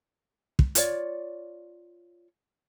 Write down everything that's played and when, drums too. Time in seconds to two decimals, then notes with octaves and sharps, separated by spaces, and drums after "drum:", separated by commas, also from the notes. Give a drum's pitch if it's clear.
0.59 drum: kick
0.75 F4 C#5 D5, drum: hi-hat